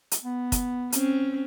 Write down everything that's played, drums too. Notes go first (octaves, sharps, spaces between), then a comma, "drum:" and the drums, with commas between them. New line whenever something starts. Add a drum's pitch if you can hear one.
drum: hi-hat
B3
drum: kick, hi-hat
C4 C#4, drum: hi-hat